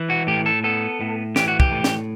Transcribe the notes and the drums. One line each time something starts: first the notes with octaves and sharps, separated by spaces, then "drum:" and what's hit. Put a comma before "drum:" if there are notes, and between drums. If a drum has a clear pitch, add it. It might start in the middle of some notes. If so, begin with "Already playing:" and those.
Already playing: E3
F#4
A2 G4
A4
B3 A4
A2
E3 G4, drum: snare
F#4
G4, drum: kick
A2
drum: snare